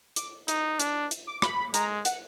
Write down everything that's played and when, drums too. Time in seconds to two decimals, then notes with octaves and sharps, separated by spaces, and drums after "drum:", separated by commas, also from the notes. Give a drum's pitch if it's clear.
0.16 D6, drum: hi-hat
0.48 D#4, drum: hi-hat
0.80 D4, drum: hi-hat
1.11 drum: hi-hat
1.27 D6
1.42 B5, drum: rim click
1.74 G#3 A#5, drum: hi-hat
2.05 F#5, drum: hi-hat